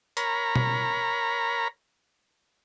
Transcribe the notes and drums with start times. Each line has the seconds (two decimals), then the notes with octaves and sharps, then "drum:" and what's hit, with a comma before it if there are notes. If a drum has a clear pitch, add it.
0.17 A#4 C#5 A#5 B5, drum: hi-hat
0.56 drum: tom B2